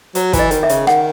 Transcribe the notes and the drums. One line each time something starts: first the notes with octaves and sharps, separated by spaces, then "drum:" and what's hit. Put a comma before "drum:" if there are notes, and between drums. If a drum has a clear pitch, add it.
F#3, drum: hi-hat
E3, drum: kick, hi-hat
D#5
D#3, drum: hi-hat
E5
C#3, drum: hi-hat
D#3 F#5, drum: rim click